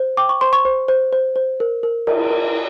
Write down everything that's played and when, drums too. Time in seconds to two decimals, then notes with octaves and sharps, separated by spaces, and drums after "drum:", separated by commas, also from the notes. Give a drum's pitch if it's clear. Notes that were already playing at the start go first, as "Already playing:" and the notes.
Already playing: C5
0.17 G5 D6
0.29 C#6
0.41 C5 C6
0.53 C#6
0.65 C5
0.88 C5
1.13 C5
1.36 C5
1.60 A#4
1.83 A#4
2.07 A#4, drum: cymbal
2.31 A#4